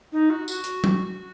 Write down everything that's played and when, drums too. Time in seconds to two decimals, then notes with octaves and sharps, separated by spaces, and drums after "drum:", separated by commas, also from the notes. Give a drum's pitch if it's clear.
0.12 D#4
0.30 F#4
0.48 F#4, drum: tambourine
0.64 drum: hi-hat
0.84 drum: tom